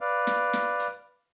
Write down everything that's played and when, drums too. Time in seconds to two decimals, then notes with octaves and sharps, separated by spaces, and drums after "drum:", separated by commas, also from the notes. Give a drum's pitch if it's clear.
0.01 B4 D5 F5
0.27 drum: snare
0.53 drum: snare
0.80 drum: hi-hat